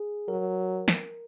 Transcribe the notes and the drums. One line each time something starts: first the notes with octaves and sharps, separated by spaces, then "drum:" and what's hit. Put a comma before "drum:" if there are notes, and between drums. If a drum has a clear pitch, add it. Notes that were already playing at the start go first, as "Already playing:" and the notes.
Already playing: G#4
F#3 A#4
drum: snare